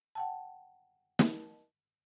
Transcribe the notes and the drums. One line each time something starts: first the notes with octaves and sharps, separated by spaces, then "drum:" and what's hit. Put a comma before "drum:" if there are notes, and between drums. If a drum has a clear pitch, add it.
F#5 G5 A5
drum: snare